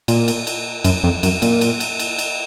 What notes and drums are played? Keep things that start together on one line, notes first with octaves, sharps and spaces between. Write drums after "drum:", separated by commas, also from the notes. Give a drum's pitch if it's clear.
A#2, drum: cymbal
drum: cymbal
drum: cymbal
F#2, drum: cymbal
F2
F#2, drum: cymbal
A#2, drum: cymbal
drum: cymbal
drum: cymbal
drum: cymbal
drum: cymbal